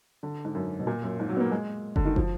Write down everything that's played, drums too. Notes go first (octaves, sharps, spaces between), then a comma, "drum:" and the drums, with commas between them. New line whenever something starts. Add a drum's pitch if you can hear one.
D3
G#2
F#2
B2
A#2
F#2
G#2
F#3
B3
A#3
G#3
D3, drum: kick
D#3
F3, drum: kick